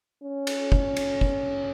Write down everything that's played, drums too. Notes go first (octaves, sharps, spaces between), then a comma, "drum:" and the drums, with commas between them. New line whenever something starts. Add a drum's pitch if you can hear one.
C#4
drum: cymbal
drum: kick
drum: cymbal
drum: kick